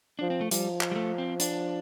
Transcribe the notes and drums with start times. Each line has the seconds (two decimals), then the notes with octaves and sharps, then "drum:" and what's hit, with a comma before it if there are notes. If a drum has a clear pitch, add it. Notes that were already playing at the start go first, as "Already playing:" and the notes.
0.19 F3 D4
0.30 C4
0.41 A3
0.51 F3 G3, drum: hi-hat
0.81 drum: clap
0.91 G3
0.96 A3
1.18 C4
1.40 D4, drum: hi-hat